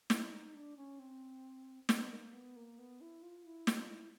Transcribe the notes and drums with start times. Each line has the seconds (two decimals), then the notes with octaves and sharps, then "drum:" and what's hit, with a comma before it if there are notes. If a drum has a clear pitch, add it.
0.10 E4, drum: snare
0.32 D#4
0.54 D4
0.77 C#4
0.99 C4
1.89 B3, drum: snare
2.11 A#3
2.34 B3
2.56 A#3
2.79 B3
3.01 E4
3.22 F4
3.45 E4
3.67 F4, drum: snare
3.90 E4